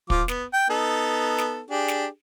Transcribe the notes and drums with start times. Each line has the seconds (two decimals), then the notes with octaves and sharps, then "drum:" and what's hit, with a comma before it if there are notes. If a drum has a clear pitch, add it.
0.10 F3 F4 D6, drum: kick
0.28 B3, drum: snare
0.53 G5
0.70 B3 D#4 A4
1.38 drum: snare
1.70 D4 G4 G#4
1.88 drum: snare